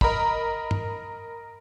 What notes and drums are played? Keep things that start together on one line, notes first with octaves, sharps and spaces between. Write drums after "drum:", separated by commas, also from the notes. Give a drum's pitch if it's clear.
A#4 D#5 A#5 B5, drum: kick
drum: tom